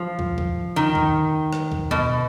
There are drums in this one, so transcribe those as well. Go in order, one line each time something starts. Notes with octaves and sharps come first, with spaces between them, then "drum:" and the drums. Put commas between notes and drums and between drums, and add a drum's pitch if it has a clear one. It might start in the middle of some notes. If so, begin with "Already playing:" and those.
Already playing: F3
drum: kick
drum: kick
D#3
drum: kick
drum: rim click
drum: kick
B2, drum: kick